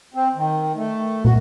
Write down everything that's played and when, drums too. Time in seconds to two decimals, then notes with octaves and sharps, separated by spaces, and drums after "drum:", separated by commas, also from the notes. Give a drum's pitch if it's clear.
0.14 C4
0.35 D#3
0.75 A3
1.24 F#4, drum: tom